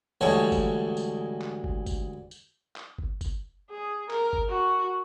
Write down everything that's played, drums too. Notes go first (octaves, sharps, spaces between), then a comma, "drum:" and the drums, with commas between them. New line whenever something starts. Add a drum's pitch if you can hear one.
D2 G#2 E3 G3 C#5 A5
drum: kick, tambourine
drum: tambourine
drum: clap
drum: kick
drum: kick, tambourine
drum: tambourine
drum: clap
drum: kick
drum: kick, tambourine
G#4
A#4, drum: clap
drum: kick
F#4